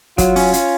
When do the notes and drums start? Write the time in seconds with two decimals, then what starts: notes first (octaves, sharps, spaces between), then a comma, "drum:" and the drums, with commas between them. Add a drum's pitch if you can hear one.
0.18 F#3 F4, drum: kick, hi-hat
0.36 C#4, drum: open hi-hat
0.53 C#4, drum: hi-hat